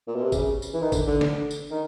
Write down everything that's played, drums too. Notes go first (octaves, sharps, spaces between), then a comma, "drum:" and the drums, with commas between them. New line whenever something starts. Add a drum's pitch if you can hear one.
A#2
B2
C3
C#3, drum: kick, tambourine
drum: tambourine
E3
D#3
D3, drum: kick, tambourine
D3
drum: snare
drum: tambourine
D#3